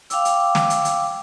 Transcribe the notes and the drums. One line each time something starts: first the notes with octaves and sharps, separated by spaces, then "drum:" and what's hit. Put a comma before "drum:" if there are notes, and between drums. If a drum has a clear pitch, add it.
F5 G5 D6 E6, drum: hi-hat
drum: hi-hat
drum: snare
drum: hi-hat
drum: hi-hat